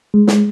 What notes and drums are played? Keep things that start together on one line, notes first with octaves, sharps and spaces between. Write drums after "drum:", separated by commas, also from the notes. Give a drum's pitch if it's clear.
G#3
drum: snare